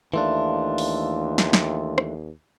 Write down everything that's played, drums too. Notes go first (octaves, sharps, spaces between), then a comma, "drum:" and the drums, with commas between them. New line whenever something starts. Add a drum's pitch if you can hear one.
D#2 E3 A3 D4 E5 F5 C6
drum: open hi-hat
drum: snare
drum: snare
drum: rim click